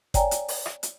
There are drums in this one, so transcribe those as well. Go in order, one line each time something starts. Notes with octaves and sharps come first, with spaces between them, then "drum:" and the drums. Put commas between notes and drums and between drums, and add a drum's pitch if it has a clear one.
C#5 D5 G5 G#5 A#5, drum: kick G1, hi-hat
drum: hi-hat
drum: open hi-hat
drum: rim click
drum: hi-hat